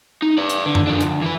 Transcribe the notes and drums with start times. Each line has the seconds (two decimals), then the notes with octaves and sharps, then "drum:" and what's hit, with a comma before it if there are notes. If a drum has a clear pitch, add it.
0.22 D#4
0.38 B4 D5
0.49 drum: hi-hat
0.66 D3
0.75 drum: tom F#2
0.87 F3 D4
1.01 D2, drum: hi-hat
1.22 E3 B4